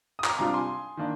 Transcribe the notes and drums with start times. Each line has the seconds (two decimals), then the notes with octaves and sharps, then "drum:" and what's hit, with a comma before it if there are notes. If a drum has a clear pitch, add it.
0.19 D#6
0.24 A#5 D6, drum: clap
0.39 C3 G3 D4 F4 A#5 D6
0.54 G#5 C6
0.97 D#3 A#3 D4